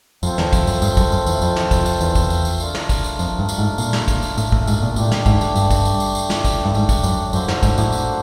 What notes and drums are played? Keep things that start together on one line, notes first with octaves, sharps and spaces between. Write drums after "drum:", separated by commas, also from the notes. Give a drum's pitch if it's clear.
F2 A3 C4 F4 A4 C5, drum: tambourine
E2, drum: snare
F2, drum: kick, tambourine
F#2, drum: tambourine
G2, drum: tambourine
F#2, drum: kick, tambourine
F#2, drum: tambourine
E2, drum: tambourine
F2, drum: tambourine
drum: snare
F2, drum: kick, tambourine
drum: tambourine
E2, drum: tambourine
drum: kick, tambourine
drum: tambourine
drum: tambourine
A3 D4 F4 A#4, drum: tambourine
drum: snare
drum: kick, tambourine
drum: tambourine
F2, drum: tambourine
G2
drum: tambourine
G#2
A#2, drum: tambourine
drum: snare
drum: kick, tambourine
drum: tambourine
A2, drum: tambourine
A2, drum: kick
G#2, drum: tambourine
A#2
A2 A3 D4 G4, drum: tambourine
drum: snare
G#2, drum: kick, tambourine
drum: tambourine
G2, drum: tambourine
drum: kick, tambourine
drum: tambourine
drum: tambourine
drum: tambourine
drum: snare
drum: kick, tambourine
G2
G#2, drum: tambourine
drum: kick, tambourine
F#2, drum: tambourine
F#2 A#3 D4 F#4 A4 C5, drum: tambourine
F#2, drum: snare
G#2, drum: kick, tambourine
A2, drum: tambourine
drum: tambourine